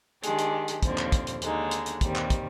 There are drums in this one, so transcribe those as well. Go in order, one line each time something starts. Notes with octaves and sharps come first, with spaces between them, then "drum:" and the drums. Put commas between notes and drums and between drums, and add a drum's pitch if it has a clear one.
D#3 G#3 D4 G4, drum: hi-hat
drum: hi-hat
drum: hi-hat
D#2 D3 F3 C4, drum: kick, hi-hat
drum: clap
drum: kick, hi-hat
drum: hi-hat
D#2 D3 G#3 D#4, drum: hi-hat
drum: hi-hat
drum: hi-hat
D#2 D#3 G3 C4, drum: kick, hi-hat
drum: clap
drum: kick, hi-hat